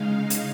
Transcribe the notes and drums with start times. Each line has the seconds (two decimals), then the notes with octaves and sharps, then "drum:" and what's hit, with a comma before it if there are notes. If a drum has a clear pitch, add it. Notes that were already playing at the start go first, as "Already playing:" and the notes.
Already playing: C#3 G#3 D#4 F5
0.30 drum: hi-hat